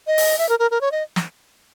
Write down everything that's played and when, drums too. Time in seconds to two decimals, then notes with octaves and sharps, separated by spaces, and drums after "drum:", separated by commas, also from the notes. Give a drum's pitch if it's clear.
0.07 D#5
0.18 drum: open hi-hat
0.38 E5
0.49 A#4
0.59 A#4
0.71 A#4
0.81 C#5
0.92 D#5
1.16 drum: snare